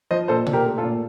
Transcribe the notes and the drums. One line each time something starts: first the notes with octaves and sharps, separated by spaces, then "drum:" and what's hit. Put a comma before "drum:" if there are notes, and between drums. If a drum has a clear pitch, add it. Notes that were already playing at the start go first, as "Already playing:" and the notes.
F3 C5 D#5
A#2 A4 C5
A#2, drum: tom B2
G4 A#4
A3
F4 A4
A#2